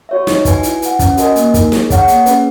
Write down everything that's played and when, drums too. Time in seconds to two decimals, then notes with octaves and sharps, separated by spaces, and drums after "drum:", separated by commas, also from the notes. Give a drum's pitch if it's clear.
0.09 F#4 C#5 E5
0.27 D#4, drum: snare
0.45 F#4 B4 E5 G#5, drum: kick, hi-hat
0.63 E4, drum: hi-hat
0.82 B4 F#5, drum: hi-hat
0.99 C#4, drum: kick, hi-hat
1.17 F#4 A#4 D#5 G#5, drum: hi-hat
1.36 A#3, drum: hi-hat
1.54 D#4 A#4, drum: kick, hi-hat
1.72 G#4, drum: snare
1.90 C#5 F#5, drum: kick, hi-hat
2.08 A#3, drum: hi-hat
2.26 C#4 G#4 B4, drum: hi-hat